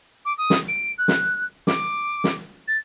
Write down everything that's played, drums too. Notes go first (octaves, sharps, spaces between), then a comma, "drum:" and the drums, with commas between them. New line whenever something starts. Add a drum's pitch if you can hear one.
D6
D#6
drum: snare
D7
F#6
drum: snare
D6, drum: snare
drum: snare
A6